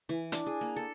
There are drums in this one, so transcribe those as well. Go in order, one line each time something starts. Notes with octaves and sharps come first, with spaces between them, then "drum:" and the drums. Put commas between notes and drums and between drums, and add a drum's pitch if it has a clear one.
E3
D4, drum: hi-hat
G#4
A#3
A4